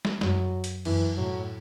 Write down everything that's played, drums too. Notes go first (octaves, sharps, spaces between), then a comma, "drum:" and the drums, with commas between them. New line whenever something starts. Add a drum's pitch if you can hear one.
drum: snare
F#2 F#3, drum: snare
drum: hi-hat
F#2 E3, drum: cymbal
A2 F#3